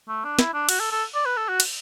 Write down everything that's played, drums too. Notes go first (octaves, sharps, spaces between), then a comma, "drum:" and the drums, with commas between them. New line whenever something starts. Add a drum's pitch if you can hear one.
A3
D4
E4, drum: snare
D4
F#4, drum: cymbal
A4
A4
D5
B4
A4
F#4
drum: cymbal